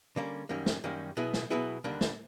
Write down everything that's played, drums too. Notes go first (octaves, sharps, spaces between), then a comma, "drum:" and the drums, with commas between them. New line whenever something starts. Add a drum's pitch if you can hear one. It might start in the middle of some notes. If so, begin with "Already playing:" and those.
D3 G3 A#3 C#4
F#2 D#3 G3 A#3 C#4
drum: snare
F#2 D#3 G3 A#3 C#4
B2 F#3 B3 E4 G#4
drum: snare
B2 F#3 B3 E4 G#4
D#2 D3 G3 A#3 D4
drum: snare